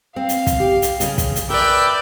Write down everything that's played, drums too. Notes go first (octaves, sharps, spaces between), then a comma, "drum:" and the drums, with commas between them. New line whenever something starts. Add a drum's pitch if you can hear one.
C4 F5
drum: hi-hat
drum: kick, hi-hat
G4
drum: hi-hat
C#3 C#4, drum: hi-hat
drum: kick, hi-hat
drum: hi-hat
A#4 B4 D5 E5 G5